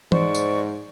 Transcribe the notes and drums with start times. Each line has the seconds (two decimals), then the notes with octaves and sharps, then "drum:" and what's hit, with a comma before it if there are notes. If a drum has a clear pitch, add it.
0.12 G#2 C5 D5 C#6, drum: tom E3
0.35 drum: tambourine